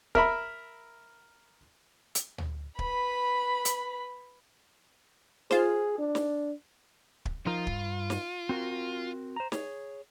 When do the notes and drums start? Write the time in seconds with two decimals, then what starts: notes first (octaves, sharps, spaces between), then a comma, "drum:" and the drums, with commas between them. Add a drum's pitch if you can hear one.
0.15 A#4 E5 B5, drum: kick
2.15 drum: hi-hat
2.38 drum: tom
2.79 B4 B5, drum: kick
3.65 drum: hi-hat
5.51 F4 G#4 C5, drum: snare
5.98 D4
6.15 drum: snare
7.25 drum: kick
7.46 F3 D#4 F4 A#4
7.67 G2, drum: kick
8.10 drum: snare
8.49 C4 F#4 A#4
9.36 C5 A#5
9.52 G#4 C#5, drum: snare